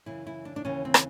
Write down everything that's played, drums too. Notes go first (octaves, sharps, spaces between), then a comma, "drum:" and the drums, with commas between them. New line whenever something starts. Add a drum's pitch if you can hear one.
F#2 C#3 E3 E4
E4
D4
D4
D#2 C#3 E3 C#4
C4
drum: rim click